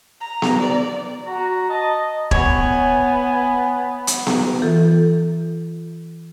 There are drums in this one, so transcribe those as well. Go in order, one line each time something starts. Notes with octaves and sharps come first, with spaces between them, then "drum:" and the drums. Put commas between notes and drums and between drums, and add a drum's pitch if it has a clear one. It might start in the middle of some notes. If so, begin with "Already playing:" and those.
A#5
drum: snare B3
D5
F#4 A#5
D#5 A5
B3 C#5 G#5, drum: kick E1
drum: hi-hat
drum: snare B3
E3 F4 A4